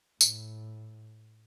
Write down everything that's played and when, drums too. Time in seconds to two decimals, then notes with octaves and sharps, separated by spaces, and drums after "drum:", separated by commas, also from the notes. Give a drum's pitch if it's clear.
0.21 A2, drum: tambourine